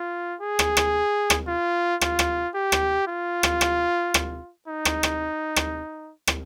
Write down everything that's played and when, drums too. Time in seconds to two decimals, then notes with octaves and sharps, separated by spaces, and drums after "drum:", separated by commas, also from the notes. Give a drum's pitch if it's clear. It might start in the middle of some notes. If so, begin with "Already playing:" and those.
Already playing: F4
0.41 G#4
0.59 drum: rim click
0.77 drum: rim click
1.30 drum: rim click
1.47 F4
2.01 F4, drum: rim click
2.19 drum: rim click
2.55 G4
2.72 drum: rim click
3.07 F4
3.43 drum: rim click
3.61 drum: rim click
4.14 drum: rim click
4.68 D#4
4.85 drum: rim click
5.03 drum: rim click
5.56 drum: rim click
6.27 drum: rim click